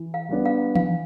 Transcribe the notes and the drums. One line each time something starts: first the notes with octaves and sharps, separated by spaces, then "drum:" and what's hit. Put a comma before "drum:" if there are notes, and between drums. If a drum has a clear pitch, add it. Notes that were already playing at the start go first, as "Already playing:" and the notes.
Already playing: E3
F5
G3 B3 D4
F5
E3 F5, drum: tom E3